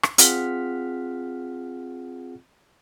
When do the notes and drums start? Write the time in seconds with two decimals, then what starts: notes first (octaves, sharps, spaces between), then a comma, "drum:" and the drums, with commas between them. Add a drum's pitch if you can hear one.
0.03 drum: rim click
0.18 C4 F4 G#4 F#5 F6 B6, drum: hi-hat